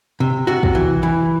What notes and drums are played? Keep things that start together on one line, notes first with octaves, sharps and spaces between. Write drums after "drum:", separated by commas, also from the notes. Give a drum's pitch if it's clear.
C3
C3 F#4
drum: kick
E3
E3